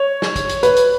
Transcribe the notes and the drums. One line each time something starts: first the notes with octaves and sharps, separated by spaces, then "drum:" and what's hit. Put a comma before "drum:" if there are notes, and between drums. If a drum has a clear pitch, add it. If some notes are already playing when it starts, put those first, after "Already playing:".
Already playing: C#5
drum: snare
drum: kick, hi-hat
drum: hi-hat
B4, drum: hi-hat
drum: hi-hat